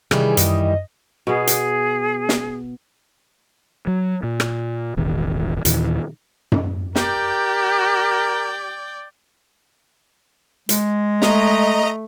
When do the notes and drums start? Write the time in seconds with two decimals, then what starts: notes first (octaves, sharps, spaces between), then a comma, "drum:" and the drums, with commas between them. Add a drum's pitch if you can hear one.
0.11 C3 D#3 E3 G3 G#4, drum: rim click
0.37 F#2 D#5, drum: hi-hat
1.27 B2 B3 G#4
1.47 drum: hi-hat
2.29 drum: snare
3.87 F#3
4.23 A#2
4.40 drum: rim click
4.97 E1 A1 D#3
5.65 D#2 A#2 D#3 E3, drum: hi-hat
6.52 drum: tom F#2
6.96 G4 A#4 D5 G5, drum: snare
10.69 G#3, drum: hi-hat
11.22 A3 D#5 A#5, drum: snare